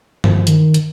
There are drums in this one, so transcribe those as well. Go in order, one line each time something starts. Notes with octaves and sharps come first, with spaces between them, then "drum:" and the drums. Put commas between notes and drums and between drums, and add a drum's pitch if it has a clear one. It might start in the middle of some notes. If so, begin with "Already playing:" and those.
F3, drum: tom G2
D#3, drum: hi-hat
drum: hi-hat